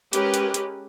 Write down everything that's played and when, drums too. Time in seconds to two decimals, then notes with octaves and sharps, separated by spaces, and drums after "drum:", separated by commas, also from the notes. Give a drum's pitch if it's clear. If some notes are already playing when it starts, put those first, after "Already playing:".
0.13 G#3 C#4 G4 A#4 B4, drum: hi-hat
0.34 drum: hi-hat
0.54 drum: hi-hat